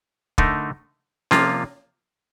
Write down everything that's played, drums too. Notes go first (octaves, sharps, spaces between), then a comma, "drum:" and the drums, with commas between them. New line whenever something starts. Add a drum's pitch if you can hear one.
D3 A3 D#4 A#4, drum: kick
C3 F3 A#3 F4, drum: snare C#4